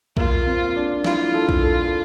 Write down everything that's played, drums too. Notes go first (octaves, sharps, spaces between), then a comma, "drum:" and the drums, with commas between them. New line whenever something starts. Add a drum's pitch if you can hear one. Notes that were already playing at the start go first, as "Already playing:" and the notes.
A#3 F4, drum: kick B1
C4
D4
E4 F4, drum: snare
A4
drum: kick B1
A4